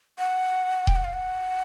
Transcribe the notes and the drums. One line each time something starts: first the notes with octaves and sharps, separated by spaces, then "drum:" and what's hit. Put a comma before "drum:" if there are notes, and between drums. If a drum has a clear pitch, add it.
F#5
G5, drum: kick D#1
F#5
F5
F#5